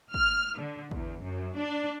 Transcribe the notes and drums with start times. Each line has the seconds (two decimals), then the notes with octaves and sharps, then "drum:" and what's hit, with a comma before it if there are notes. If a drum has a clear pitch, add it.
0.14 F6, drum: kick
0.58 D3
0.91 E2, drum: kick
1.22 F#2
1.56 D4